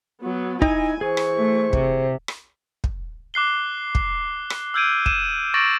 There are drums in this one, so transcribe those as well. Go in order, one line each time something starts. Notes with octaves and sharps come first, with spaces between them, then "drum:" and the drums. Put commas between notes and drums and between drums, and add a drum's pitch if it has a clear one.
F#3 B3
D#4 E4 D#5 G#5, drum: kick
E3 G#4 C5 C#6
drum: rim click
A3
C3, drum: kick
drum: rim click
drum: kick
D6 F#6 C7 G7
drum: kick
drum: rim click
E6 F6 G6 G#6 D7 D#7
D#7 E7, drum: kick
C#6 D6 A6 A#6 D7 F#7